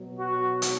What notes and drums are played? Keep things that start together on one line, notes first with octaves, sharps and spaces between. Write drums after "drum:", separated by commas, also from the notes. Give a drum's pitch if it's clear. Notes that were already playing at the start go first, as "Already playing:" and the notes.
Already playing: B2 F#3
F#4
drum: hi-hat